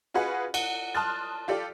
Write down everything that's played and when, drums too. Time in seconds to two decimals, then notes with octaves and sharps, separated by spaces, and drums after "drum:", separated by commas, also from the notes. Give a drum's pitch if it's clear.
0.14 F4 F#4 G#4 B4 D#5 F#5
0.54 F#5, drum: cymbal
0.95 A5 C6 D#6 F6 F#6 A6
1.48 F4 G4 A4 D5